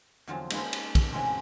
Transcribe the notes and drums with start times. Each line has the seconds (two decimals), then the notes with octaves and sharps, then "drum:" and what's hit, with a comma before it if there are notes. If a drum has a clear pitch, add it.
0.27 E2 D3 F3 F#3 C4 A5
0.50 G#3 A#3 C#4 D#4 B4 C5, drum: cymbal
0.73 drum: cymbal
0.95 drum: kick, cymbal
1.12 E3 F#3 G#3 A3 C4 C#4